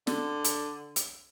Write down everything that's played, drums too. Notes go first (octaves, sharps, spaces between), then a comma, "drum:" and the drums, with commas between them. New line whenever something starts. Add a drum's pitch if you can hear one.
D3, drum: snare
drum: hi-hat
drum: hi-hat